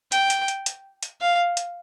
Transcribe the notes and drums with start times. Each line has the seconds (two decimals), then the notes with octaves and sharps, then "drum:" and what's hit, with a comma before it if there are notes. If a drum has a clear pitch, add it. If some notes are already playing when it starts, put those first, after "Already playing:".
0.12 G5, drum: hi-hat
0.30 drum: hi-hat
0.48 drum: hi-hat
0.66 drum: hi-hat
1.03 drum: hi-hat
1.21 F5
1.57 drum: hi-hat